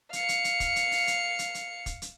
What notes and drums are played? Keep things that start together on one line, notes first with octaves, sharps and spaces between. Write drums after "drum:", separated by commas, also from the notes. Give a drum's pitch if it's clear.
F5 C#7, drum: hi-hat
drum: hi-hat
drum: hi-hat
drum: kick, hi-hat
drum: hi-hat
drum: open hi-hat
drum: hi-hat
drum: hi-hat
drum: hi-hat
drum: kick, hi-hat
drum: hi-hat